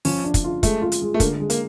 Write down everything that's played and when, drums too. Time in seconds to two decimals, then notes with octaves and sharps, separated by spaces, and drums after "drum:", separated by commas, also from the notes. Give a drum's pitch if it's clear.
0.05 F3 C#4, drum: open hi-hat
0.24 D4
0.34 drum: kick, hi-hat
0.44 F4
0.63 G#3 A3, drum: kick, hi-hat
0.82 F4
0.92 drum: hi-hat
1.02 G#3
1.14 A3
1.20 D3 A#3, drum: kick, hi-hat
1.40 G#3
1.50 A#3, drum: hi-hat